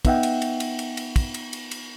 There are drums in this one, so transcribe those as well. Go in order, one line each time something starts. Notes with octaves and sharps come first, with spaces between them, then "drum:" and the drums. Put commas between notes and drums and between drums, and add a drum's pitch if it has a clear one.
B3 D#4 E5 F#5 G5, drum: kick, cymbal
drum: cymbal
drum: cymbal
drum: cymbal
drum: cymbal
drum: cymbal
drum: kick, cymbal
drum: cymbal
drum: cymbal
drum: cymbal